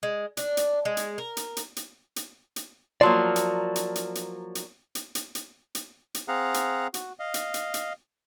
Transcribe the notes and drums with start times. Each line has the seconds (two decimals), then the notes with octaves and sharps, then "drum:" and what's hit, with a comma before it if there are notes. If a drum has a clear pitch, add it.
0.03 G#3
0.37 D4, drum: hi-hat
0.57 drum: hi-hat
0.85 G#3
0.97 drum: hi-hat
1.18 A#4
1.37 drum: hi-hat
1.57 drum: hi-hat
1.76 drum: hi-hat
2.16 drum: hi-hat
2.56 drum: hi-hat
3.01 F3 F#3 A#3 D5 A5
3.36 drum: hi-hat
3.76 drum: hi-hat
3.95 drum: hi-hat
4.15 drum: hi-hat
4.55 drum: hi-hat
4.95 drum: hi-hat
5.15 drum: hi-hat
5.35 drum: hi-hat
5.75 drum: hi-hat
6.14 drum: hi-hat
6.28 C4 G#4 F5 F#5 A#5
6.54 drum: hi-hat
6.94 F#4, drum: hi-hat
7.19 D#5 F5
7.34 drum: hi-hat
7.54 drum: hi-hat
7.74 drum: hi-hat